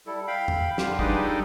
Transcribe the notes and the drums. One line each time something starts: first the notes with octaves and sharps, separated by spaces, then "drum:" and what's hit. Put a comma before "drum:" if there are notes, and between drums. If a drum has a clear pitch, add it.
G3 E4 A4
F5 G5 B5
drum: tom E2
D3 F4 G4, drum: snare
G3 D4 D#4 F4 G#4 B4, drum: kick
A4